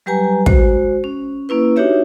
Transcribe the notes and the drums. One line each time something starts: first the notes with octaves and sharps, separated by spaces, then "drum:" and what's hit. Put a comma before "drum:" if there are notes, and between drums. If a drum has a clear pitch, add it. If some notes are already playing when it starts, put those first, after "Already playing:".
F#3 G3 G4 B4 G#5 A#5
G#3 F#4 C5, drum: kick
C#4
A#3 C#4 E4 B4
D4 D#4 F#4 G4 C#5 E5